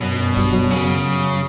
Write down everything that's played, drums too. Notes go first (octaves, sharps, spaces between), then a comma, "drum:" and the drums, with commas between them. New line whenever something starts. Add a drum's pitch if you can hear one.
F#2 B2 F#3
F#2 F#3
G2 G3, drum: kick, hi-hat
F#2 F#3
F#2 C#3 F#3, drum: hi-hat